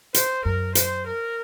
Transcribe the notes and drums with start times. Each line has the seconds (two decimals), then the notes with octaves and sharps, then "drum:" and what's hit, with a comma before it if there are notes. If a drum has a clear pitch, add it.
0.14 C5, drum: hi-hat
0.45 F#2 A#4
0.75 C5, drum: hi-hat
1.07 A#4